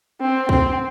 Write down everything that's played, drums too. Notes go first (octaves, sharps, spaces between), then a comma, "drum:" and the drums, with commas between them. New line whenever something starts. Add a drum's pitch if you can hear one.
C4
C4, drum: kick